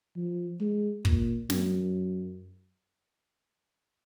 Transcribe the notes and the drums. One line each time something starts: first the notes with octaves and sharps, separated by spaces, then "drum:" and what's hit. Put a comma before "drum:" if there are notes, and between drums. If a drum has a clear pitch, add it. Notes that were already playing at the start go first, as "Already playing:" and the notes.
F3
G#3
A#2, drum: kick
F#2, drum: snare